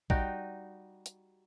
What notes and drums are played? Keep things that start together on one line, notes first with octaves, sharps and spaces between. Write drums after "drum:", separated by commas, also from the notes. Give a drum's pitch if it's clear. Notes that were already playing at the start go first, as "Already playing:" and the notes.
G3 D#4 F#4 G5, drum: kick
drum: hi-hat